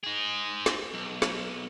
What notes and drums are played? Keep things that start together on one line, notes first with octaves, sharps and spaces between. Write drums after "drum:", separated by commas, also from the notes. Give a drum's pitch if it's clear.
D#4 G#4
drum: snare
B1
drum: snare